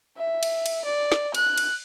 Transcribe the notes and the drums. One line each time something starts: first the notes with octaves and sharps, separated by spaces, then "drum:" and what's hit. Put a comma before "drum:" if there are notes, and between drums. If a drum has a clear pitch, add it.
E5
drum: cymbal
drum: cymbal
D5
drum: snare
F#6, drum: cymbal
drum: cymbal